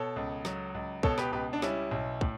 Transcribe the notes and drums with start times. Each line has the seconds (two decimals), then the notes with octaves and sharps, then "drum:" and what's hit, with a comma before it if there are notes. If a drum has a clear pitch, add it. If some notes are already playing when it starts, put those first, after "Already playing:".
Already playing: B2 A4 C#5
0.16 C#2
0.45 F#3, drum: snare
0.74 C#2
1.03 B2 A4 C#5, drum: kick
1.18 G4 B4, drum: snare
1.32 C#2 G4 B4
1.53 D4
1.62 G3 C#4 E4, drum: snare
1.91 B1
2.21 A2, drum: kick